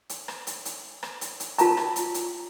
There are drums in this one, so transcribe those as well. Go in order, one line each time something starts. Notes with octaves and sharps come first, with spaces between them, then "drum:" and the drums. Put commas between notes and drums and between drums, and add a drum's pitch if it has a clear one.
drum: hi-hat
drum: rim click
drum: hi-hat
drum: hi-hat
drum: rim click
drum: hi-hat
drum: hi-hat
F4 A5 A#5, drum: hi-hat
drum: rim click
drum: hi-hat
drum: hi-hat